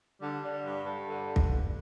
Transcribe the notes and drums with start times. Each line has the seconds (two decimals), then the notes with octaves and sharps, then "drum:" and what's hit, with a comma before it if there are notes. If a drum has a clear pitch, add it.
0.21 D3 G3
0.43 D3
0.64 G2
0.86 G2
1.08 D3
1.36 drum: kick